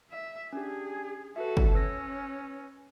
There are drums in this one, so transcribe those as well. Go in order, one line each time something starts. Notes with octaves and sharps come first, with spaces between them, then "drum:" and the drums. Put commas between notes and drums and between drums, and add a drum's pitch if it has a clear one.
E5
C#4 D4 G4 G#4
F#4 A4 B4 E5
drum: kick
C#4 B4 E6 A#6